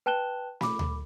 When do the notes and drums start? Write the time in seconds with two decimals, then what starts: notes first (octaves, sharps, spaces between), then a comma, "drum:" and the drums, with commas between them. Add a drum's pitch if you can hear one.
0.06 B4 G5 A5 F#6 E7 G7
0.61 B5 D6, drum: snare
0.79 drum: tom D2